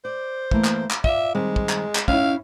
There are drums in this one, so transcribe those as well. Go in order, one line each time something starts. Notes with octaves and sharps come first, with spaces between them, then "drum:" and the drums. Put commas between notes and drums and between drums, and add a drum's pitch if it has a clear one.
C5 D5
E3 A3 A#3, drum: kick
drum: clap
drum: clap
F4 D5 E5, drum: kick
D#3 G3 G#3 C4
drum: kick
drum: clap
drum: clap
C#4 D#4 E4 F5, drum: kick